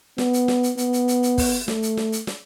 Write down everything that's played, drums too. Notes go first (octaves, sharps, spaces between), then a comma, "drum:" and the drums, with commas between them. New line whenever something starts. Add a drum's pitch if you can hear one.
B3, drum: snare
drum: hi-hat
drum: snare
drum: hi-hat
B3, drum: hi-hat
drum: hi-hat
drum: hi-hat
drum: hi-hat
drum: kick, open hi-hat
A3, drum: snare
drum: hi-hat
drum: snare
drum: hi-hat
drum: snare